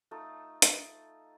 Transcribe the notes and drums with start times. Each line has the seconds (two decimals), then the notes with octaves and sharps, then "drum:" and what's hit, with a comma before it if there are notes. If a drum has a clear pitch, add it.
0.11 A3 D#4 F4 A4
0.62 drum: hi-hat